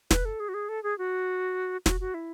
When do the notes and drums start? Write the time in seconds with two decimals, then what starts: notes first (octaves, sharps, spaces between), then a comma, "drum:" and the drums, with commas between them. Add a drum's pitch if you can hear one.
0.11 B4, drum: snare
0.25 A4
0.40 G#4
0.49 F#4
0.54 G#4
0.69 A4
0.83 G#4
0.98 F#4
1.86 F#4, drum: snare
2.00 F#4
2.14 E4